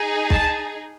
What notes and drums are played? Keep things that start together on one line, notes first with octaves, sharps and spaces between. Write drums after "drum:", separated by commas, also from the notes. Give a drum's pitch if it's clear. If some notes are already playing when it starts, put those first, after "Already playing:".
Already playing: D#4 G#4
A5, drum: kick